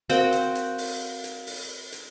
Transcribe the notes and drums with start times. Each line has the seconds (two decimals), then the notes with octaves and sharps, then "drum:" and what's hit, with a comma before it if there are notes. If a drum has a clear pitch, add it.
0.10 C4 F#4 A#4 F5 G5, drum: hi-hat
0.32 drum: hi-hat
0.55 drum: hi-hat
0.78 drum: open hi-hat
1.24 drum: hi-hat
1.47 drum: open hi-hat
1.92 drum: hi-hat